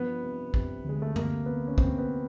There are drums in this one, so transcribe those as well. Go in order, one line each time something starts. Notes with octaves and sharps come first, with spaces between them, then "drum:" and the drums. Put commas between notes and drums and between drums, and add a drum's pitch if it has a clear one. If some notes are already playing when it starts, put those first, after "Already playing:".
Already playing: G2 F3 B3
C3
C3, drum: kick
D2 G#3
A3
C3 A#3, drum: tom
C3 B3
C#4
C3 C4, drum: kick
B3